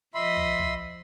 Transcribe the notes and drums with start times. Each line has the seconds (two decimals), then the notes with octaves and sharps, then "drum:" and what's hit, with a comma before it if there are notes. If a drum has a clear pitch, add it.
0.14 F3 D#5 E5 B5 C6
0.36 drum: tom
0.58 drum: tom